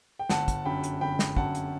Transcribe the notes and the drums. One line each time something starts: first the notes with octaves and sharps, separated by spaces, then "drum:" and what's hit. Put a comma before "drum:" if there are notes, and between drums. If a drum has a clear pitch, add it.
G5
G1 F#5 A5, drum: snare
drum: kick, hi-hat
F#2 D3 G5 B5
drum: hi-hat
G1 G5 B5
drum: snare
F#2 D3 F#5 A5, drum: kick
drum: hi-hat